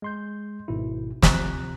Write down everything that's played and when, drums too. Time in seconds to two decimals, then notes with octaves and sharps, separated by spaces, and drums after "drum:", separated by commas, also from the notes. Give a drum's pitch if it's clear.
0.02 G#3 C6 G6
0.68 G#1 G#2 B2 E4
1.22 D2 C3 F3 A#5 F#6, drum: snare